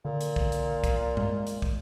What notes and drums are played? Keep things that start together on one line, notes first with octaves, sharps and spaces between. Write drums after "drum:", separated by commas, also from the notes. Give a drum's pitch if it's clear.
A#2 D3
drum: hi-hat
drum: kick
drum: hi-hat
drum: kick, hi-hat
G#3, drum: tom G2
drum: hi-hat
drum: kick